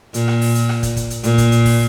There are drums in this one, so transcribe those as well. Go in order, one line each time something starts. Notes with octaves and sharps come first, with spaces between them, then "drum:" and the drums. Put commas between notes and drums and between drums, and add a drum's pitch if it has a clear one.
A#2, drum: hi-hat
drum: rim click
drum: open hi-hat
drum: hi-hat
drum: rim click
drum: kick, hi-hat
drum: kick, hi-hat
drum: hi-hat
A#2, drum: hi-hat
drum: kick, hi-hat
drum: hi-hat
drum: kick, open hi-hat